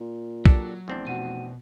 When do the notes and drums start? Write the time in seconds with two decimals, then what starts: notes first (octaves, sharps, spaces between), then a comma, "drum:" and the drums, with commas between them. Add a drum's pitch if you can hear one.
0.01 A#2
0.46 F#3 D4 G4 A4, drum: kick B1
0.88 F1 E2 C4 D4
1.07 B2 F#4 F#5 D#7